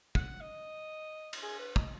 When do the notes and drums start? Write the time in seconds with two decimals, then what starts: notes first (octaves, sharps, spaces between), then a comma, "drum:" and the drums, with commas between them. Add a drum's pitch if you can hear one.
0.15 F#5, drum: kick
0.41 D#5
1.33 drum: cymbal
1.42 G#4
1.59 B4
1.76 D#5, drum: kick